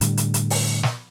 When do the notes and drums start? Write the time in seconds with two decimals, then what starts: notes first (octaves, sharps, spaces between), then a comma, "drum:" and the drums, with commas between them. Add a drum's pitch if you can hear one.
0.01 A2 D3 G3, drum: hi-hat
0.17 drum: hi-hat
0.34 drum: hi-hat
0.50 drum: open hi-hat
0.83 drum: snare